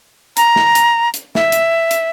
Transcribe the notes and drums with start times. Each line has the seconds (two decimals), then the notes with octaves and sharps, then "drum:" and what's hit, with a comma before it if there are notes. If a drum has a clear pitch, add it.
0.37 A#5, drum: hi-hat
0.56 drum: snare
0.75 drum: hi-hat
1.14 drum: hi-hat
1.35 E5, drum: snare
1.52 drum: hi-hat
1.91 drum: hi-hat